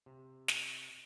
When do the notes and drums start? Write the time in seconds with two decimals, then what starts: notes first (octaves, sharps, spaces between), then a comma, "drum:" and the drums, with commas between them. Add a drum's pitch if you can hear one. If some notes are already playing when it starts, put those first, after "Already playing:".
0.06 C3
0.48 drum: snare